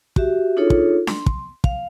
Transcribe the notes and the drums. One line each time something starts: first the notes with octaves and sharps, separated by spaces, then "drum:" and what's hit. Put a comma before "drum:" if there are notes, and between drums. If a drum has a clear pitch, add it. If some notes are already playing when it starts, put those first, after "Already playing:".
F#4 G4 E5, drum: kick
D4 D#4 F4 G#4 A4 C#5
drum: kick
C6, drum: snare D4
drum: kick
F5, drum: kick